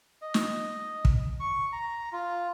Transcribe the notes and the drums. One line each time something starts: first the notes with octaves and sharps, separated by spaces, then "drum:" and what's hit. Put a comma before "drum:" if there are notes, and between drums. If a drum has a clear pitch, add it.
D#5
drum: snare
drum: kick
C#6
A#5
F4